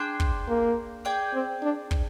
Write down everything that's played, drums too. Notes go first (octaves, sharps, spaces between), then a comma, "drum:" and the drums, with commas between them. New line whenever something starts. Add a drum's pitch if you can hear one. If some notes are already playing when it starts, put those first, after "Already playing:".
Already playing: D4 G#4 C5 G5
drum: kick
A#3
G#4 D5 G5
C4
D4
drum: kick